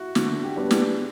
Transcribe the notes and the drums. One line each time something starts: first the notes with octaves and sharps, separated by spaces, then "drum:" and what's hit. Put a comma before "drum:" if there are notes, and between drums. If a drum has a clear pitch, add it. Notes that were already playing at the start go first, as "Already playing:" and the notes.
Already playing: E4 F#4
D3 F#4, drum: snare
F#4
G4
G3 B3 D4
G#4, drum: snare